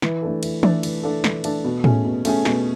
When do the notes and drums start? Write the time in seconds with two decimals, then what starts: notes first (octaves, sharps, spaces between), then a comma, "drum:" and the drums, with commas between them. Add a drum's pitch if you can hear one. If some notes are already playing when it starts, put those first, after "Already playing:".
0.02 E3, drum: snare
0.22 A3 D4 A4
0.43 E3, drum: cymbal
0.63 A3 D4 A4, drum: tom E3
0.83 E3, drum: cymbal
1.03 A3 D4 A4
1.24 E3, drum: snare
1.44 A3 D4 A4, drum: cymbal
1.64 B2
1.84 A3 C#4 G#4, drum: tom A2
2.05 B2
2.25 A3 C#4 G#4, drum: cymbal
2.45 B2, drum: snare